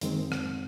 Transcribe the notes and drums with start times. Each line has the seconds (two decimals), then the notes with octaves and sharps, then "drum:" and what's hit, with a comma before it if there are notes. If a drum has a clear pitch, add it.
0.01 F#2 D#3 G#3 C4, drum: hi-hat
0.32 drum: rim click